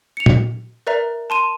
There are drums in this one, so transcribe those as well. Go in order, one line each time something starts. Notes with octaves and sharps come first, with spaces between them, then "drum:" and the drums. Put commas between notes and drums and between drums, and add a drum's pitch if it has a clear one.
C#7 F7
drum: tom A#2
A#4 B4 D5 E5 A#5
A5 C6 D#7